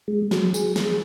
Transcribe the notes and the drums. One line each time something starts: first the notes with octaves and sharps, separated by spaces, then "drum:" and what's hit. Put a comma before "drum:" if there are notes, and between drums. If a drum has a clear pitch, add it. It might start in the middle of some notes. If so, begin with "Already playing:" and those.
G#3
F#3, drum: snare
G#4, drum: tambourine
G#4, drum: snare